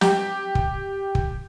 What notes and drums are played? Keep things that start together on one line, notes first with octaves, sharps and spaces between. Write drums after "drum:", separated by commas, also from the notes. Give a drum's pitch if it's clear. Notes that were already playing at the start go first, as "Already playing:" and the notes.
G4, drum: snare
drum: kick
drum: kick